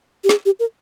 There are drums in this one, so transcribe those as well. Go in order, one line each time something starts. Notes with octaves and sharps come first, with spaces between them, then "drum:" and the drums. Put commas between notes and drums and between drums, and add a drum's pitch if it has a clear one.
G4
G#4, drum: snare
G4
A#4